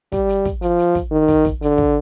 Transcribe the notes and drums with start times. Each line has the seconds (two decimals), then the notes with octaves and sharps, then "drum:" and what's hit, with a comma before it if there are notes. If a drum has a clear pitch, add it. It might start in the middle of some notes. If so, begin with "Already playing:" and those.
0.12 G3, drum: kick, hi-hat
0.29 drum: hi-hat
0.45 drum: kick, hi-hat
0.62 F3, drum: hi-hat
0.79 drum: hi-hat
0.95 drum: kick, hi-hat
1.11 D#3
1.28 drum: kick, hi-hat
1.45 drum: kick, hi-hat
1.62 D3, drum: hi-hat
1.78 drum: kick